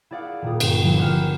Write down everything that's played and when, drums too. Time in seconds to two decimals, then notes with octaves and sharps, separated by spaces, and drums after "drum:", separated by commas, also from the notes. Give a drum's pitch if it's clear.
0.11 E4 G#4 D5 F5 F#5
0.42 D#1 A#2 D#6
0.60 G1 G2, drum: cymbal
0.83 D3 F3 G3 E4
0.97 G4 A#4 B4 F#5 G#5 F6